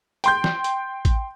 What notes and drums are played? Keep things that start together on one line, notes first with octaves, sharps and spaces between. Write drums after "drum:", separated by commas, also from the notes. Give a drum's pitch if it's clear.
G5 C6 G6, drum: hi-hat
drum: snare
drum: hi-hat
drum: kick A1, hi-hat